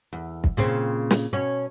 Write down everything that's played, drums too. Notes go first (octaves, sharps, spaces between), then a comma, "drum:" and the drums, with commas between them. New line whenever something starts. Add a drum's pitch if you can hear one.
E2
drum: kick
A#2 C#3 C4
drum: snare
B2 C#4 C#5